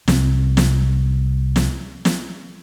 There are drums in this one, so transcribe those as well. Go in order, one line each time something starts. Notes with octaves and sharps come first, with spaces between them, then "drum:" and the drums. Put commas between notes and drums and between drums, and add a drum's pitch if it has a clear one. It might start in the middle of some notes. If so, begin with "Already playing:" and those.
C2 C4, drum: snare
drum: snare
drum: snare
drum: snare